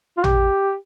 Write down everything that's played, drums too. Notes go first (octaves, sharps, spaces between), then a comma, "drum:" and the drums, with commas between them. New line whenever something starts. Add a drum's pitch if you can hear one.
F4
G4, drum: tom